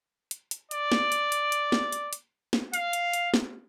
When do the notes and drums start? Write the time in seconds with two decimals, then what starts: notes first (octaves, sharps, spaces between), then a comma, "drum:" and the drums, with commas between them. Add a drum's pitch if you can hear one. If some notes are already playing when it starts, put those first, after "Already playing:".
0.31 drum: hi-hat
0.51 drum: hi-hat
0.71 D5, drum: hi-hat
0.92 drum: snare
1.12 drum: hi-hat
1.32 drum: hi-hat
1.52 drum: hi-hat
1.72 drum: snare
1.92 drum: hi-hat
2.13 drum: hi-hat
2.53 drum: snare
2.74 F5, drum: hi-hat
2.93 drum: hi-hat
3.13 drum: hi-hat
3.34 drum: snare